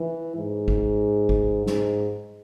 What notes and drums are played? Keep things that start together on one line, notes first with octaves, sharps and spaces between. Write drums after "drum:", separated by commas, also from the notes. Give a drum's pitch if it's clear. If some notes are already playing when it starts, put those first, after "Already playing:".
Already playing: E3
G#2
drum: kick G#1
drum: kick G#1
G#2, drum: snare